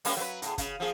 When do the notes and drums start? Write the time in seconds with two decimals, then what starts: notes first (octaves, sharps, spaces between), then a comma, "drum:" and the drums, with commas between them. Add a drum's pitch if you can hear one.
0.05 G3 A#3 C#4, drum: open hi-hat
0.17 F#3 B4
0.42 A2 G#4, drum: hi-hat
0.58 C#3, drum: kick, hi-hat
0.80 F3 A#3 G#4